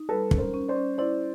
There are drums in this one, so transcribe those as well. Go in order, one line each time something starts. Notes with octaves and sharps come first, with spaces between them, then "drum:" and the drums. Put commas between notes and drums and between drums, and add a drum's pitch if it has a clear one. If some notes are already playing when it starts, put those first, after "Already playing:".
Already playing: D#4
G3 A4 B4
C#4, drum: kick
A#4 C5
C#4
C5 D5
C#4
E4 C5 D5